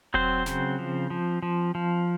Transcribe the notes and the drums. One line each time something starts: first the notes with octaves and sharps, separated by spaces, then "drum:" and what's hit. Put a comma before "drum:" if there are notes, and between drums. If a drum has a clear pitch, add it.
F#3 C4 C5, drum: kick E1
C#3, drum: snare
F3
F3
F3
F3